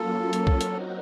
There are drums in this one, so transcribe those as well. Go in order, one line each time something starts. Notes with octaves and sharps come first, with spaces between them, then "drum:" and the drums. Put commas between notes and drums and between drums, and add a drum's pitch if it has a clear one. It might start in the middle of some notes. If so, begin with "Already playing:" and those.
Already playing: F#3 A#3 C#4 F4 A4
drum: hi-hat
drum: kick B1
F#3 C4 D#4 F#4 A#4, drum: hi-hat